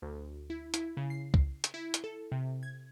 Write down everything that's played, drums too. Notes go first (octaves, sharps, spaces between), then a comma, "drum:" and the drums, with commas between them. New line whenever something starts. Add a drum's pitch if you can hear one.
D2
E4
E4, drum: hi-hat
C#3
C7
drum: kick
drum: hi-hat
E4
drum: hi-hat
A4
C3
G#6